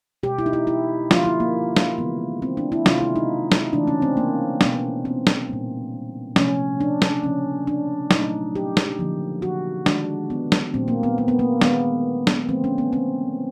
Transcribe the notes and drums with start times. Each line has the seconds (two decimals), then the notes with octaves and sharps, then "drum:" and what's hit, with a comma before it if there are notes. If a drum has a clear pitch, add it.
0.23 B2 G#3 G4
0.39 E4
0.46 D#4
0.53 E4
0.67 E4
1.11 D3 F3 A#3 F4, drum: snare
1.25 E4
1.40 A#3
1.77 drum: snare
1.98 C#3 E3 G#3 B3
2.42 C4
2.57 D4
2.72 E4
2.86 C3 D#3 G#3 F4, drum: snare
3.00 E4
3.16 D#4
3.52 drum: snare
3.73 C#3 E3 A3 D4
3.87 C#4
4.02 C4
4.17 A#3
4.61 B2 G#3 B3, drum: snare
5.05 C4
5.27 drum: snare
5.49 A#2 G3 A#3
6.36 C3 F3 A3 C#4, drum: snare
6.80 D4
7.02 drum: snare
7.23 C#3 F3 A#3 C#4
7.67 D4
8.11 A#2 F#3 A3 D#4, drum: snare
8.56 G4
8.77 drum: snare
8.99 D3 F3 A#3
9.42 F#4
9.86 D#3 G#3 D4, drum: snare
10.30 B3
10.52 drum: snare
10.74 A#2 F#3 A3 C4
10.88 A#3
11.03 B3
11.18 A#3
11.28 B3
11.39 A#3
11.61 D#3 G#3 B3, drum: snare
12.27 drum: snare
12.49 D3 F3 A3 C4
12.64 C#4
12.78 B3
12.93 C4